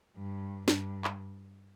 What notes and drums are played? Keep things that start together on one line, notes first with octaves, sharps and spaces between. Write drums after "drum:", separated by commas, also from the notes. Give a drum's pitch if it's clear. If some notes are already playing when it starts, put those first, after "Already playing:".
G2
G2, drum: snare
drum: clap